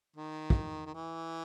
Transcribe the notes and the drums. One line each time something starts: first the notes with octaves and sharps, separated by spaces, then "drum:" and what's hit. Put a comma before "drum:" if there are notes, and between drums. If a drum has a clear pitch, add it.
D#3
drum: kick
D#3
E3